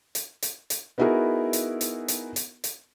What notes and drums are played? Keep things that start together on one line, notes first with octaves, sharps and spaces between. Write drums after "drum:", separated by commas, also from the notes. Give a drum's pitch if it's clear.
drum: hi-hat
drum: hi-hat
drum: hi-hat
B3 D#4 E4 F#4 G#4 A#4
drum: hi-hat
drum: hi-hat
drum: hi-hat
drum: hi-hat
drum: hi-hat